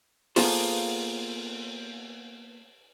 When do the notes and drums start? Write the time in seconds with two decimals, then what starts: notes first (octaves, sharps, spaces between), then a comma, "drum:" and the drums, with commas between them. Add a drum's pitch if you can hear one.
0.36 A#3 B3 F4 G#4 A4 C5, drum: open hi-hat